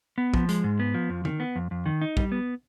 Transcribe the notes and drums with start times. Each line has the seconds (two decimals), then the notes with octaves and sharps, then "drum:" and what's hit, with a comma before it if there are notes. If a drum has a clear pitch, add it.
0.18 B3
0.34 F3, drum: kick
0.49 G#3, drum: hi-hat
0.64 G#2
0.79 B3
0.94 F3
1.10 F2
1.25 D#3, drum: tom
1.40 B3
1.56 F2
1.71 F2
1.86 D#3
2.01 D#4
2.17 G3, drum: kick
2.32 B3